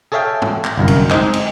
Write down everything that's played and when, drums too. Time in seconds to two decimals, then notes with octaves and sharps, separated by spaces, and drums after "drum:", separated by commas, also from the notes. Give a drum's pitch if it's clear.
0.12 G#4 A4 C#5 E5 F5 G5
0.42 drum: tom
0.65 drum: clap
0.77 G1 C2 F#2 A#4
0.88 drum: cymbal
1.11 G#3 C4 D#4, drum: clap
1.33 drum: cymbal